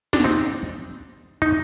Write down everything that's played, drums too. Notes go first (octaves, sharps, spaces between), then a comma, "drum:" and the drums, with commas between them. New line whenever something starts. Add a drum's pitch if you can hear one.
D4, drum: snare
C4 D#4
D#4